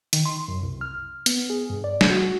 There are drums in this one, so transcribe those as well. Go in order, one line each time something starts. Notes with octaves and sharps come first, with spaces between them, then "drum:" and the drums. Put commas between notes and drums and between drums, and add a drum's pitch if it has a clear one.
D#3, drum: hi-hat
C6
F#2
C2
F6
B3, drum: hi-hat
G#4
G2
D5
drum: snare
F#4